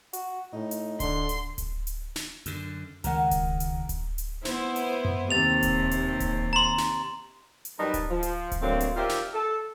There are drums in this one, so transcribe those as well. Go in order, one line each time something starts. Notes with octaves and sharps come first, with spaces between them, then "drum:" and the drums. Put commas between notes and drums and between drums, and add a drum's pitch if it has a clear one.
F#4, drum: hi-hat
A2 D#4
drum: hi-hat
D3 C6, drum: kick D1, hi-hat
drum: hi-hat
drum: kick D1, hi-hat
drum: hi-hat
drum: snare
F#2 D3, drum: hi-hat
C#2 D#3 G#3 A#4 F#5, drum: hi-hat
drum: kick D1, hi-hat
drum: hi-hat
drum: kick D1, hi-hat
drum: hi-hat
B3 E4 C5, drum: snare
drum: hi-hat
drum: tom F#2
D#2 C3 A6 F7
drum: kick D1, hi-hat
drum: hi-hat
drum: kick D1, hi-hat
A#5 C6
drum: snare
drum: hi-hat
F#2 G3 D#4 A#4 B4 A5
drum: kick D1, hi-hat
F3
drum: hi-hat
drum: kick D1, hi-hat
D3 F#3 A3 A#3 C4
drum: hi-hat
F4 G4 A#4 C5 D5 E5
drum: snare
A4